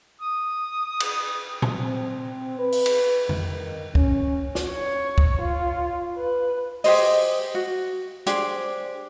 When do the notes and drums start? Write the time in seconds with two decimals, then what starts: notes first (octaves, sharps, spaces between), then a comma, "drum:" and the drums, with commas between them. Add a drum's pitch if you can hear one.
0.21 D#6
1.00 drum: cymbal
1.62 drum: tom A#2
1.80 C4
2.59 B4
2.72 drum: open hi-hat
2.86 drum: cymbal
3.29 D#3, drum: tom F2
3.95 C#4, drum: kick
4.55 drum: snare
4.69 C#5
5.18 drum: kick
5.41 F4
6.16 B4
6.84 G4 G#4 C5 D#5, drum: open hi-hat
7.55 F#4
8.26 D4 G4 G#4 C5, drum: hi-hat